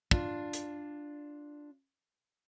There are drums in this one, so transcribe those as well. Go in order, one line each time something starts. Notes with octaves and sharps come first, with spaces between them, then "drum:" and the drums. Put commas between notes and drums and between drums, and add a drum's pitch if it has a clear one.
D4 F4, drum: kick
drum: hi-hat